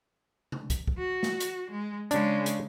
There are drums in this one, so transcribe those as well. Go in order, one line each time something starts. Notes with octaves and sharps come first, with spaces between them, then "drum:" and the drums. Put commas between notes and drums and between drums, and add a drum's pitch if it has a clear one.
drum: tom C3
drum: kick, hi-hat
drum: kick
F#4
drum: snare
drum: hi-hat
G#3
C#3 G#3 D4, drum: hi-hat
drum: hi-hat